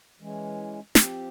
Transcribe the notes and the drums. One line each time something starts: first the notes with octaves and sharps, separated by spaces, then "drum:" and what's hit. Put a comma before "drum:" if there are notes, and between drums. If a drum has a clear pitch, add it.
E3 G#3 C#4
F3 C4 G4, drum: snare